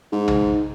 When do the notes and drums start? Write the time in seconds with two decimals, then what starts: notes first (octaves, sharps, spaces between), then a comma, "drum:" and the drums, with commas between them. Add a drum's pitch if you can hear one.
0.12 G#2
0.28 drum: tom